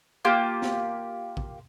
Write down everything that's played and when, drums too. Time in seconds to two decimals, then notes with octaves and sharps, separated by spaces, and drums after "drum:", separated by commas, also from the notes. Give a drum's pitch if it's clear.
0.25 A#3 F4 G4
0.62 drum: snare
1.37 drum: kick